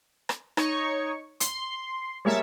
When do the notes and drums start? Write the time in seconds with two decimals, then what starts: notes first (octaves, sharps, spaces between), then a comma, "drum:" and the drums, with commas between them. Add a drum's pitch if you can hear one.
0.29 drum: rim click
0.57 D#4 C#5 C#6, drum: rim click
1.40 C6, drum: hi-hat
2.25 G3 G#3 A#3 C#5 E5 A5